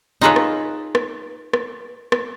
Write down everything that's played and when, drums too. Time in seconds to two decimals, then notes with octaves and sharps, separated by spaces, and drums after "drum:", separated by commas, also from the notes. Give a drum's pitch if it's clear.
0.21 D#4 F4 G#4 A4 B4 C#5
0.36 drum: rim click
0.95 drum: rim click
1.53 drum: rim click
2.12 drum: rim click